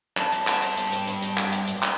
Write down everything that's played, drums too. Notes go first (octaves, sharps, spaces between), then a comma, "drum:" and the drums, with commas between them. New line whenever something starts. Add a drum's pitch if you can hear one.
G2 A5, drum: clap
drum: hi-hat
drum: clap
drum: hi-hat
drum: hi-hat
drum: hi-hat
drum: hi-hat
drum: hi-hat
drum: clap
drum: hi-hat
drum: hi-hat
drum: clap